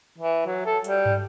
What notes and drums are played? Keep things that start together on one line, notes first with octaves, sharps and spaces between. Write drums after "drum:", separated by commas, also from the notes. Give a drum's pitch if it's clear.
E3
F#3
A4
G3, drum: hi-hat
drum: tom